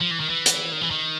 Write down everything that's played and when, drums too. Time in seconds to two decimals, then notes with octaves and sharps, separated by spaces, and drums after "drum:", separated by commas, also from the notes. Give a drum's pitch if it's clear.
0.01 F3
0.10 E3
0.20 D#3
0.30 E3
0.46 drum: hi-hat
0.72 D#3
0.81 E3
0.91 D#3